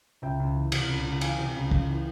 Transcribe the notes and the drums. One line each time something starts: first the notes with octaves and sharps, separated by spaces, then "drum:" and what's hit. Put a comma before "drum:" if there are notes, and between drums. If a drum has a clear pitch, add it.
C#2 E5 G5
C#2
E3
C3, drum: cymbal
C#2
C#2
E3 F5 G#5, drum: cymbal
C3
C#2
C#2, drum: kick
E3